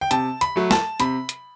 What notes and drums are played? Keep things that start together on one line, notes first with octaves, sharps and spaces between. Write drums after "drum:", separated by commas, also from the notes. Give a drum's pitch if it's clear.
G5
C3 A5, drum: hi-hat
B5, drum: hi-hat
F#3 A3
A5, drum: snare
C3 B5, drum: hi-hat
drum: hi-hat